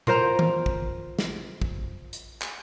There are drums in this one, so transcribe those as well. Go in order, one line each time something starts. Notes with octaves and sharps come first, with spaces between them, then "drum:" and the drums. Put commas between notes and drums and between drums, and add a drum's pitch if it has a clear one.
F4 A#4 C5 A#5, drum: tom A#2
drum: tom D#3
drum: kick
drum: snare
drum: kick
drum: hi-hat
drum: clap